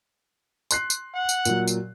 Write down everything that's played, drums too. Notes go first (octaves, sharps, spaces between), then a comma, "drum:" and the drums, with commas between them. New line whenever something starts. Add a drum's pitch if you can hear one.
C6 F#6 C7, drum: tambourine
drum: tambourine
F#5
drum: tambourine
A#2 F#3, drum: tambourine
drum: tambourine